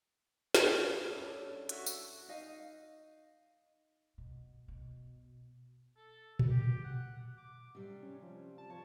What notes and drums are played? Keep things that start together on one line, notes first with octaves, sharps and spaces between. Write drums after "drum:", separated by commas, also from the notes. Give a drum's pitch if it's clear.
drum: snare
G2 C#4 D4 E4 A4
F#4 E5, drum: hi-hat
drum: tambourine
D#4 D#5 F5
B2
B2
A4
drum: tom A#2
G4
F#5
D6
C3 G3
C#4
F3
A5
F3 C#5